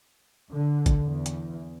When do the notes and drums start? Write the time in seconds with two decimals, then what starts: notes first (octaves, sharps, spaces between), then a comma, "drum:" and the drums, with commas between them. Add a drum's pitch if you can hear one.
0.51 D3
0.86 drum: kick, hi-hat
1.06 E2
1.26 drum: hi-hat